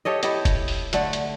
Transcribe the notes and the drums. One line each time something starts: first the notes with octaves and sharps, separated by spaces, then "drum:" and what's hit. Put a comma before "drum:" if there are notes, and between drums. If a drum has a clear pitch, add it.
G4 A4 C#5 D#5
E4 G4 A4 D#5, drum: hi-hat
drum: kick, hi-hat
drum: open hi-hat
D3 A3 F#5, drum: hi-hat
drum: hi-hat